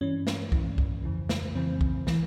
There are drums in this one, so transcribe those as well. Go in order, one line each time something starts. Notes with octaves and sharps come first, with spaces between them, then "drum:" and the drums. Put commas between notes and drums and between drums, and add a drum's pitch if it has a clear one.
G2 E3 C#4
drum: snare
G2 E3, drum: kick
drum: kick
F2 C#3 E3
drum: snare
F2 C#3 E3 C4
drum: kick
E3, drum: snare